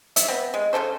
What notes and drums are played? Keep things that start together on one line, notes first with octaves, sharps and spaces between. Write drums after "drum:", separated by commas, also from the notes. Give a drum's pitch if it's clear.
E5, drum: hi-hat
B3 C4
G#3
C#3 A#3 A4 C5